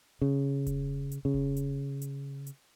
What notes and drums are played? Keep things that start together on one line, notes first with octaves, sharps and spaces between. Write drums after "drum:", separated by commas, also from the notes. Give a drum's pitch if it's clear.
C#3
drum: kick E1, hi-hat
drum: hi-hat
C#3
drum: kick E1
drum: hi-hat
drum: hi-hat
drum: hi-hat